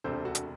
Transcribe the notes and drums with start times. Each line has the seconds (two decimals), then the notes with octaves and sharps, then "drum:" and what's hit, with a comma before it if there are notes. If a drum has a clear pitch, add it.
0.04 E1 D2 C3 A4 C5
0.25 F#4 A4
0.35 drum: hi-hat